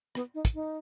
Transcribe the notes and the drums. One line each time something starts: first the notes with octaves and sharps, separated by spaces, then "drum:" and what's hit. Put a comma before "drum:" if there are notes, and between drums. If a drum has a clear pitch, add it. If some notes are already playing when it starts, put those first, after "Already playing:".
B3, drum: rim click
D#4
drum: kick, hi-hat
D#4